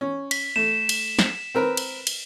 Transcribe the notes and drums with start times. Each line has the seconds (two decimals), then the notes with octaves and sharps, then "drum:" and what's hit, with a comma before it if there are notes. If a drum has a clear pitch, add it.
0.01 C#4
0.31 B6, drum: cymbal
0.56 A3 E7
0.89 drum: cymbal
1.19 drum: snare
1.55 C4 A#4 B4
1.77 drum: cymbal
2.07 drum: cymbal